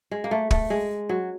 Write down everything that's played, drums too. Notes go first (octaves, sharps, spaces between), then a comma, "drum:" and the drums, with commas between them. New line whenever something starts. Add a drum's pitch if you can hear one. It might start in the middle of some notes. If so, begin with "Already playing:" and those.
G#3
A#3
A3
A3, drum: kick
G#3
F#3